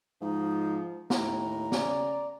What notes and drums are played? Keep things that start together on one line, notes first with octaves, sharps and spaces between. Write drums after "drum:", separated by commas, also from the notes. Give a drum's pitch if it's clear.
G#2 F3 D#4
D#2 A2 A#5, drum: snare
C#3 D5, drum: snare